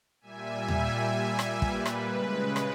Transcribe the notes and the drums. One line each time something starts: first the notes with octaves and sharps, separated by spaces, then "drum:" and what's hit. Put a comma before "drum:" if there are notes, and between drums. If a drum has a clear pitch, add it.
A#2 G3 E5 G#5
drum: tom D#2
drum: rim click
B4, drum: kick
drum: rim click
C#3 G#3
drum: rim click